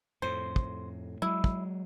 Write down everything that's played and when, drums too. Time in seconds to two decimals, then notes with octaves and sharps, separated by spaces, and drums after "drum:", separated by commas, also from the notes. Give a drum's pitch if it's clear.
0.22 F2 A2 C5
0.56 drum: kick
1.22 F#3 G#3 E4
1.44 drum: kick